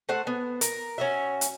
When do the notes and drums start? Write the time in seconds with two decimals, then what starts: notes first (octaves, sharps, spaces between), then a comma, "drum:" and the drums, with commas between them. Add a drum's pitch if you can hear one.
0.09 A3 C5 F#5
0.27 B3
0.61 A#4, drum: hi-hat
0.98 C#4 F#4 E5
1.41 drum: hi-hat